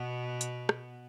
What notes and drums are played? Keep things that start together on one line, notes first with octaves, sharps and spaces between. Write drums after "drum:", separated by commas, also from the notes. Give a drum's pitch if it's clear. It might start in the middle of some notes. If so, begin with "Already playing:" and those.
Already playing: B2 B3
drum: hi-hat
drum: rim click